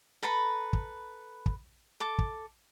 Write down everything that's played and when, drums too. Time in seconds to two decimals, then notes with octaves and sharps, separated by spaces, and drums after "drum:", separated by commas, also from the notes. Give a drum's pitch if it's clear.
0.23 A4 B4 A#5 B5
0.73 drum: kick
1.46 drum: kick
2.00 A4 D6
2.19 drum: kick